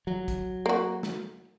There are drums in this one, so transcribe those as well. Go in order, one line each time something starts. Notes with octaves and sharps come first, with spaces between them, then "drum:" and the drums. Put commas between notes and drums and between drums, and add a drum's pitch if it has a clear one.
F#3
drum: kick, hi-hat
A#3 F#4
drum: snare